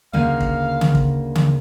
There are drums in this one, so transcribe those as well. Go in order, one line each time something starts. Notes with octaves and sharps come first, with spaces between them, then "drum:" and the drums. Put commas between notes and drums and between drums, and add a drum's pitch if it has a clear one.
D2 C#3 A#3 F5
drum: kick
drum: tom C#3
drum: kick
drum: tom C#3